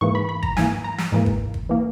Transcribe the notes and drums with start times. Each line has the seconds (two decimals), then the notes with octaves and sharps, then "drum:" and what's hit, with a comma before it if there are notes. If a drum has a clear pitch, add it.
0.01 G#2 E3 A#3 C#6
0.15 B5
0.29 B5
0.43 A#5, drum: kick
0.57 G#2 E3 A#3 G#5, drum: snare
0.84 A#5
0.98 drum: snare
1.12 G#2 E3 A#3
1.26 drum: kick
1.54 drum: kick
1.69 E3 A#3